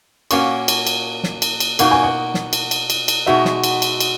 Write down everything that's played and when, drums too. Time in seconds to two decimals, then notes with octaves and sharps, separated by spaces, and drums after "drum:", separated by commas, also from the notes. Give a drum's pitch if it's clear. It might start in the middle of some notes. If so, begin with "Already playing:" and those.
0.31 A#2 A#3 C#4 F#4 C#6, drum: cymbal
0.68 drum: cymbal
0.87 drum: cymbal
1.23 drum: snare
1.42 drum: cymbal
1.60 drum: cymbal
1.79 B2 A#3 D#4 F#4 F#5, drum: cymbal
1.91 G#5
2.03 F#5
2.34 drum: snare
2.53 drum: cymbal
2.71 drum: cymbal
2.90 drum: cymbal
3.08 drum: cymbal
3.26 B2 G#3 D#4 F#4 E5
3.45 drum: snare
3.64 drum: cymbal
3.82 drum: cymbal
4.00 drum: cymbal